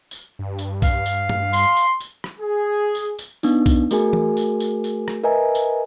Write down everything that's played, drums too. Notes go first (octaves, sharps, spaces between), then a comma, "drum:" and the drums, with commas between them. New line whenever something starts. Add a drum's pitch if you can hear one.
drum: tambourine
G2
drum: tambourine
F5, drum: kick B1, tambourine
drum: tambourine
drum: tom G2
C6, drum: tambourine
drum: tambourine
drum: tambourine
drum: rim click
G#4
drum: tambourine
drum: tambourine
B3 D4 D#4, drum: tambourine
drum: kick B1, tambourine
A3 F#4 G#4 A#4 G#5, drum: tambourine
drum: tom E3
drum: tambourine
drum: tambourine
drum: tambourine
drum: rim click
A#4 B4 D#5 E5 G#5 A#5
drum: tambourine